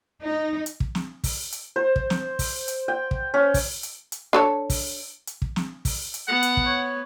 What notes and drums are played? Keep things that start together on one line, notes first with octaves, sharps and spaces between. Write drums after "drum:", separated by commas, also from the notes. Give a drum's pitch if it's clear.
D#4
drum: hi-hat
drum: kick
drum: snare
drum: kick, open hi-hat
drum: hi-hat
C5
drum: kick
drum: snare
drum: kick, open hi-hat
drum: hi-hat
G5
drum: kick
C#4
drum: kick, open hi-hat
drum: hi-hat
drum: hi-hat
D4 A4 C#5
drum: kick, open hi-hat
drum: hi-hat
drum: kick
drum: snare
drum: kick, open hi-hat
drum: hi-hat
B3 F#5
drum: hi-hat
drum: kick
C#5